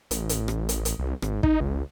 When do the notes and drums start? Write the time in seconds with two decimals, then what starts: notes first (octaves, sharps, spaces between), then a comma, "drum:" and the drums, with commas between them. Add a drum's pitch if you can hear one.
0.11 A1, drum: hi-hat
0.29 drum: hi-hat
0.48 drum: rim click
0.69 A1, drum: hi-hat
0.85 drum: hi-hat
0.99 C2
1.22 G#1, drum: rim click
1.43 D#4, drum: kick
1.60 C#2